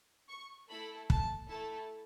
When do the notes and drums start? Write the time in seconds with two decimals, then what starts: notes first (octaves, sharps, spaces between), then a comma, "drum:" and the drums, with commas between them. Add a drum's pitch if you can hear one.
0.29 C#6
0.69 A3 E4 A4 B5
1.10 A5, drum: kick
1.49 A3 E4 A4 A5